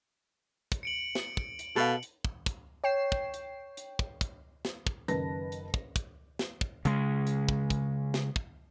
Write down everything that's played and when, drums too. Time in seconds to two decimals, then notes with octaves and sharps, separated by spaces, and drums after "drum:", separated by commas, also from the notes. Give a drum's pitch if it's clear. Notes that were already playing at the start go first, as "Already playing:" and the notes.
0.72 drum: kick, hi-hat
0.83 C#7 D7 F#7
1.15 drum: snare
1.37 drum: kick
1.59 drum: hi-hat
1.76 B2 A4 F5
2.03 drum: hi-hat
2.25 drum: kick
2.46 drum: kick, hi-hat
2.84 C#5 G5 C7 E7
3.12 drum: kick
3.34 drum: hi-hat
3.77 drum: hi-hat
3.99 drum: kick
4.21 drum: kick, hi-hat
4.65 drum: snare
4.87 drum: kick
5.08 F#1 D#3 B4 A5 A#6, drum: hi-hat
5.52 drum: hi-hat
5.74 drum: kick
5.96 drum: kick, hi-hat
6.39 drum: snare
6.61 drum: kick
6.85 C#3 G#3, drum: hi-hat
7.27 drum: hi-hat
7.49 drum: kick
7.70 drum: kick, hi-hat
8.14 drum: snare
8.36 drum: kick